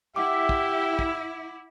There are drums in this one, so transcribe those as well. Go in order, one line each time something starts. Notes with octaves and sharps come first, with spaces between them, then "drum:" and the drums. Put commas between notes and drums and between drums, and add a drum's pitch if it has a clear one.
E4 G4 E5 F#5 D6
drum: kick
drum: kick